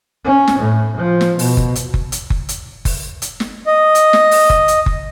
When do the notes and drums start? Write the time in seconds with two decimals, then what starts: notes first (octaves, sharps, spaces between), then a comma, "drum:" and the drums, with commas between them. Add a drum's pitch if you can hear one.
0.25 C#4
0.48 drum: snare
0.59 A2
0.98 F3
1.21 drum: snare
1.39 B2, drum: open hi-hat
1.57 drum: kick F#1
1.75 drum: hi-hat
1.94 drum: kick F#1
2.12 drum: hi-hat
2.30 drum: kick F#1
2.49 drum: hi-hat
2.85 drum: kick F#1, open hi-hat
3.22 drum: hi-hat
3.40 drum: snare
3.67 D#5
3.95 drum: hi-hat
4.13 drum: snare
4.31 drum: open hi-hat
4.50 drum: kick F#1
4.68 drum: hi-hat
4.86 drum: kick F#1